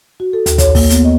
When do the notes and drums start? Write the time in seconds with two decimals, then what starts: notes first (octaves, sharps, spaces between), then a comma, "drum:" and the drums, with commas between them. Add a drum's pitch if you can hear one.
0.20 F#4
0.33 A4
0.46 D#2, drum: hi-hat
0.58 C#5, drum: kick, hi-hat
0.75 A#3, drum: kick, open hi-hat
0.90 B3, drum: hi-hat
1.05 D#5